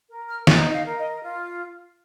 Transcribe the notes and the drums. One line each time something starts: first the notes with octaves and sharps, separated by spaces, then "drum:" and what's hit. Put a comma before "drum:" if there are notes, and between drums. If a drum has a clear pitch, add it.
A#4
F6
D#4 G#5, drum: snare
D#5
F5
A#4
D#5
F4